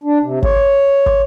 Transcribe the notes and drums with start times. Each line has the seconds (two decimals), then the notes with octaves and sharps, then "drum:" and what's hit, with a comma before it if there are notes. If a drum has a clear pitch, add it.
0.04 D4
0.22 C3
0.43 C#5, drum: kick
1.06 drum: kick